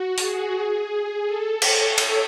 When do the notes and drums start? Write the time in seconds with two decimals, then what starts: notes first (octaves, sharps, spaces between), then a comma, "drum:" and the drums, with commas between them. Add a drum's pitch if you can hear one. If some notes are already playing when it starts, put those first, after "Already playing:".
Already playing: F#4
0.18 G#4, drum: open hi-hat
1.26 A4
1.62 C#5, drum: cymbal
1.98 drum: cymbal